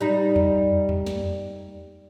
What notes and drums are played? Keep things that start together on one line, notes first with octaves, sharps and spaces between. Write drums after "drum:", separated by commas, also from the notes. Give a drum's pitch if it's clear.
G3 D#4
drum: tom E2
drum: tom E2
drum: snare